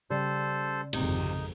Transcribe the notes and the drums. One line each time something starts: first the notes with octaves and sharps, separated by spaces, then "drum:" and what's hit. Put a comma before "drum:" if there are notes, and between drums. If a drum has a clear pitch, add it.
C#3 G3 A4 C5
G#1 F2 C3 D#4, drum: cymbal